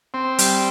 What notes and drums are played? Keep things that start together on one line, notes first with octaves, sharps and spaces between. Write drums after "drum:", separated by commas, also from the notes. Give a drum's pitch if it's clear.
C4
G3, drum: hi-hat